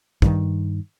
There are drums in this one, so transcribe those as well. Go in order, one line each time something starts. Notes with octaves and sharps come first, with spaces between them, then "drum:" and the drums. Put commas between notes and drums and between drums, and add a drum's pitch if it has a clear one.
G2 D#3, drum: kick